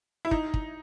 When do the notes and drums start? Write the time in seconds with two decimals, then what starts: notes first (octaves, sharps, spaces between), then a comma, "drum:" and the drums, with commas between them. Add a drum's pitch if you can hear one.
0.25 E4
0.31 D#4, drum: kick
0.54 drum: kick